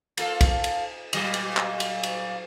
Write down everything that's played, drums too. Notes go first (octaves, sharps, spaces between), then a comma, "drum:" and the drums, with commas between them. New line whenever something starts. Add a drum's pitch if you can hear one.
A#3 F4 A4, drum: cymbal
drum: kick, cymbal
drum: cymbal
A#2 F#3 D#5, drum: cymbal
drum: cymbal
drum: clap
drum: cymbal
drum: cymbal